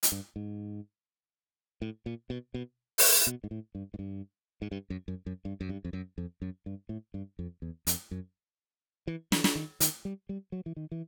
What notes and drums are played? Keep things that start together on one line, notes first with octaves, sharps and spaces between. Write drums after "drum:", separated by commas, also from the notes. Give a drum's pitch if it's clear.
drum: hi-hat
G2
G#2
A2
A#2
B2
B2
drum: open hi-hat
B2
G#2
A2
G2
G#2
G2
G#2
G2
F#2
F#2
F#2
G2
F#2
G2
F2
F#2
F2
F#2
G2
A2
G2
F2
E2
F2, drum: hi-hat
F#2
E3
E3, drum: snare
drum: snare
D#3
D#3, drum: hi-hat
G3
G3
F#3
E3
D#3
E3